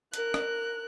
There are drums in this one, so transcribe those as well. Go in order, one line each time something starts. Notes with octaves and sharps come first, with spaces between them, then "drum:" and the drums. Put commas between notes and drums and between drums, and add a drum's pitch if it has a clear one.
A#4 F#6, drum: hi-hat
drum: rim click